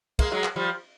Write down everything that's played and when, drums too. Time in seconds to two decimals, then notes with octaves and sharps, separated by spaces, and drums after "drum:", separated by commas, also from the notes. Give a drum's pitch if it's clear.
0.19 G#3 A#3, drum: kick, cymbal
0.31 F#3 G#3
0.44 drum: clap
0.56 F3 G3